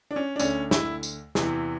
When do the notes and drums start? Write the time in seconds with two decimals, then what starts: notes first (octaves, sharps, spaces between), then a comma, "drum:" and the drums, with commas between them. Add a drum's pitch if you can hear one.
0.11 D4
0.16 C#4
0.36 D4
0.39 D2 D3 C#4, drum: tambourine
0.71 E4, drum: snare
1.03 drum: tambourine
1.35 E2 C3 E3, drum: snare